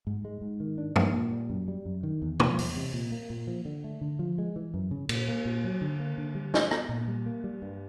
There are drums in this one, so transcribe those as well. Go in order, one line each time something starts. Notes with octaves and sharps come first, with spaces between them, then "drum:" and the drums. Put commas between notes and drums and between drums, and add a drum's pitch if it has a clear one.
G#2
G#3
G#2
D#3
D4
A#3, drum: tom F#2
A#2
G3
F#2
G3
F#2
D#3
E2
F3, drum: tom
E2, drum: open hi-hat
C3
A#2
A#3
A#2
F3
D3
A3
D3
F3
G#3
E3
F#2
C#3
A#2, drum: cymbal
A#3
A#2
F#3
D3
A#3
D3
G3
D4, drum: snare
B3, drum: rim click
A#2
G3
A#3
G3
G2